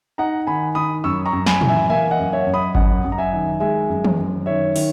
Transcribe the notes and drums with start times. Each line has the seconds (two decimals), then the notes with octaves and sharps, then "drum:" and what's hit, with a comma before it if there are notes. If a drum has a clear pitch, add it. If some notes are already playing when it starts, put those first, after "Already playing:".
0.18 D#4 F#5 A#5
0.47 D#3 G#5 B5
0.75 D#3 B5 D#6
1.04 F#2 C#6 E6
1.26 A#5 C#6
1.33 F#2
1.46 G#5 B5, drum: snare
1.61 E3, drum: tom
1.68 E5 G#5
1.89 A#3 E5 G#5
2.11 D#5 F#5
2.19 F#2
2.32 C#5 E5
2.46 F#2
2.54 B5 D#6
2.75 F#2 D#5 F#5, drum: kick G1
3.04 F#2
3.12 A#5
3.18 E5 G#5
3.33 D#3
3.60 G#3 E5 G#5
3.89 F#2
4.04 drum: tom
4.17 F#2
4.46 D#3 C#5 E5
4.76 D#3, drum: open hi-hat